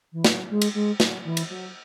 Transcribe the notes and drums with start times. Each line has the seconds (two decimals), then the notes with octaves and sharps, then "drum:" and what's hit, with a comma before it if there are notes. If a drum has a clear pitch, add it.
0.12 E3
0.24 F#3, drum: snare
0.50 G#3
0.62 drum: cymbal
0.73 G#3
1.00 F#3, drum: snare
1.24 E3
1.37 drum: cymbal
1.49 F#3